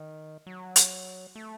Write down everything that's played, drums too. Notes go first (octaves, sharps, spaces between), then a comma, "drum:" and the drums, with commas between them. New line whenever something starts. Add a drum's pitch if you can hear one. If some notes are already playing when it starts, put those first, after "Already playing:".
Already playing: D#3
F#3
drum: hi-hat
A3